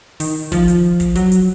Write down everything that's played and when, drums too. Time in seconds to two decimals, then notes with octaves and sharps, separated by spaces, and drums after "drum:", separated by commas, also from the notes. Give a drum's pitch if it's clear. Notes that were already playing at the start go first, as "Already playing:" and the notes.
0.20 D#3, drum: open hi-hat
0.52 F3, drum: kick, hi-hat
0.68 drum: hi-hat
1.00 drum: kick, hi-hat
1.15 F#3, drum: hi-hat
1.32 drum: hi-hat